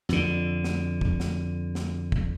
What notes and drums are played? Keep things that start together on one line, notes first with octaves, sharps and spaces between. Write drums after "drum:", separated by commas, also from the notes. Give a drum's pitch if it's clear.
F2 D3, drum: snare
drum: snare
drum: kick
drum: snare
drum: snare
drum: kick